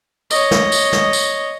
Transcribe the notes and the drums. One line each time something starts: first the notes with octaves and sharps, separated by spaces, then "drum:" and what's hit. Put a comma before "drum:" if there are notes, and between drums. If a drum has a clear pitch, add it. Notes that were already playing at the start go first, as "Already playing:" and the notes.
C#5 D#5, drum: tambourine
drum: snare
drum: tambourine
drum: snare
drum: tambourine